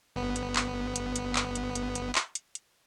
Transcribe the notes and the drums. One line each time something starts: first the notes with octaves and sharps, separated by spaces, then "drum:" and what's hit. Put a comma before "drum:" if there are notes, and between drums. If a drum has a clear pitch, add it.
G1 B3
drum: hi-hat
drum: clap
drum: hi-hat
drum: hi-hat
drum: clap
drum: hi-hat
drum: hi-hat
drum: hi-hat
drum: clap
drum: hi-hat
drum: hi-hat